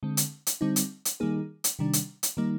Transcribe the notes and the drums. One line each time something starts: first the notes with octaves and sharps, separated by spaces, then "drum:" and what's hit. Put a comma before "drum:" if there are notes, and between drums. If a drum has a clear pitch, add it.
D3 G#3 C4
drum: hi-hat
drum: hi-hat
D3 G3 C4 D#4
drum: hi-hat
drum: hi-hat
D#3 G3 A#3 D#4 G#4
drum: hi-hat
C3 D#3 G3 D4
drum: hi-hat
drum: hi-hat
D#3 G3 A#3 D#4